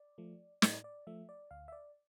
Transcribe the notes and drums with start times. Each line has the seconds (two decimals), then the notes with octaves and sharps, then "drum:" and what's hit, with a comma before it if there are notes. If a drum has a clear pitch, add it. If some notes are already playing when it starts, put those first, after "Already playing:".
Already playing: D5
0.18 F3 A3
0.62 A2 D5, drum: snare
0.84 D5
1.07 F3 A3 E5
1.29 D5
1.51 D2 F5
1.68 E5
1.72 D5